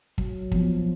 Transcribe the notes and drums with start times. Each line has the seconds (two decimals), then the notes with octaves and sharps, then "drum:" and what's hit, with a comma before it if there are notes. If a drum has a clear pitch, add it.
0.18 F#3, drum: kick
0.52 F3 B3, drum: kick